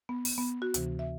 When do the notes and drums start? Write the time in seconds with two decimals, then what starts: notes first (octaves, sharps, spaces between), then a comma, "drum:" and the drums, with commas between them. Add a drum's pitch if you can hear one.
0.09 B3
0.25 drum: open hi-hat
0.38 B3
0.62 F#4
0.74 D2 C3 E3, drum: hi-hat
0.99 E5